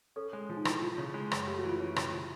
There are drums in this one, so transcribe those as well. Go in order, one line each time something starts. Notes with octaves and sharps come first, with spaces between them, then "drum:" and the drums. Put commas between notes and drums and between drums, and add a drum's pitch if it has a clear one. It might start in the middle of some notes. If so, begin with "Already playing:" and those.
C#4 A4
G#3
F3
D#4
F3 E4, drum: rim click
F3 F4
C#3
G#3
F#2, drum: rim click
A3 G4
F#4
E3
F4
C#4
C#3, drum: rim click
F3